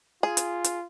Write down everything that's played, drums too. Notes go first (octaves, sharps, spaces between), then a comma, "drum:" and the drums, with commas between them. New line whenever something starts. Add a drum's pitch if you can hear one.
F4 G#4
drum: hi-hat
drum: hi-hat